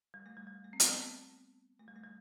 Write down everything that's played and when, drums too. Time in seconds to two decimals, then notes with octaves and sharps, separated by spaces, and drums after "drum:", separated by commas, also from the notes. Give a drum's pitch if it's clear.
0.14 G3
0.26 A3
0.37 G3
0.47 G3
0.64 A3
0.73 C4
0.80 B3, drum: hi-hat
0.92 B3
1.02 B3
1.79 A3
1.88 G3
1.96 A3
2.04 G3